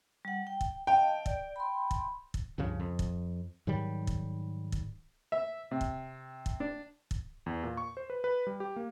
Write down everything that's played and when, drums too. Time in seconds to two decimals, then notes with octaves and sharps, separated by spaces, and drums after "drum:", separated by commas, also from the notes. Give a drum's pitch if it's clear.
0.25 G3 F#5
0.47 G5
0.61 drum: kick
0.87 D#5 F5 G5 A5
1.26 D5, drum: kick
1.56 B5 C6
1.91 drum: kick
2.34 drum: kick
2.58 C#2 G2 C#3 F3
2.80 F2
2.99 drum: kick
3.67 G#2 D#3 F#3 G3
4.07 drum: kick
4.72 drum: kick
5.32 E5
5.71 C3
5.81 drum: kick
6.46 drum: kick
6.60 D4
7.11 drum: kick
7.46 E2
7.63 A#2
7.77 C#6
7.97 C5
8.10 B4
8.24 B4
8.47 G3
8.60 G4
8.76 A#3